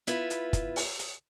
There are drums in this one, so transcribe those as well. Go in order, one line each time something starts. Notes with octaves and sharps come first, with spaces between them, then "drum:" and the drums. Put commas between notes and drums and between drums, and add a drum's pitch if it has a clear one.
B3 E4 F4 B4, drum: hi-hat
drum: hi-hat
drum: kick, hi-hat
drum: open hi-hat
drum: hi-hat